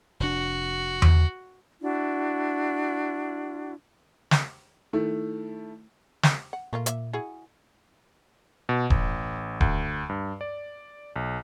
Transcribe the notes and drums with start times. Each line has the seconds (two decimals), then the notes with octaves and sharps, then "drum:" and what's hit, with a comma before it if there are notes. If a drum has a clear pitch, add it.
0.20 F1 D4 F#4
1.02 drum: tom E2
1.81 D4 E4 F#4
4.31 drum: snare
4.93 D#3 A3 E4
6.23 drum: snare
6.53 F#5
6.73 A#2 A3 A#3 F4
6.86 A#3 E5, drum: hi-hat
7.13 E4 F#4 G#4
8.69 B2
8.90 A1, drum: kick D#1
9.61 D2, drum: kick D#1
10.09 G2
10.41 D5
11.16 B1